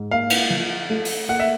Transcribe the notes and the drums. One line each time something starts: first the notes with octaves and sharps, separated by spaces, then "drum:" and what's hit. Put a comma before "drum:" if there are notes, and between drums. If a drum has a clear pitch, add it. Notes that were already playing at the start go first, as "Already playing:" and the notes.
Already playing: G#2
A#3 F5
drum: cymbal
F3
A3
drum: open hi-hat
A#3 F#5
E5